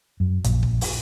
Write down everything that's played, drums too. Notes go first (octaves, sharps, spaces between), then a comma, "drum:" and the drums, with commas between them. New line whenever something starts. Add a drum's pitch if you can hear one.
F#2
A#1, drum: hi-hat
drum: kick
drum: open hi-hat